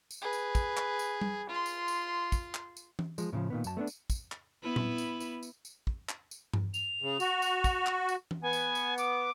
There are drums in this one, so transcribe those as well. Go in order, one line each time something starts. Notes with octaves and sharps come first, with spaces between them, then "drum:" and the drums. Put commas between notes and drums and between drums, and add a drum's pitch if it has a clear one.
drum: tambourine
G#4 B4
drum: tambourine
drum: kick, tambourine
drum: clap
drum: tambourine
drum: tom G3
F4 C6
drum: tambourine
drum: tambourine
drum: kick, tambourine
drum: clap
drum: tambourine
drum: tom E3
F3 G#3, drum: tambourine
A2 C#3 E3 F3
A#2 D#3 B3
F#2 A5, drum: tambourine
A3 B3 C#4 D4
drum: tambourine
drum: kick, tambourine
drum: clap
B3 E4 B4
drum: tom A#2
drum: tambourine
drum: tambourine
drum: tambourine
drum: tambourine
drum: kick
drum: clap
drum: tambourine
drum: tom G2
F7, drum: tambourine
C#3
F#4, drum: tambourine
drum: tambourine
drum: kick, tambourine
drum: clap
drum: tambourine
drum: tom E3
B3 G#5
drum: tambourine
drum: tambourine
D6, drum: tambourine